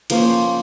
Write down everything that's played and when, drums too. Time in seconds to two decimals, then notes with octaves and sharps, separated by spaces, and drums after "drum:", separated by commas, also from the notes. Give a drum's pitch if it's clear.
0.10 F3 A#3 C#4 C5, drum: cymbal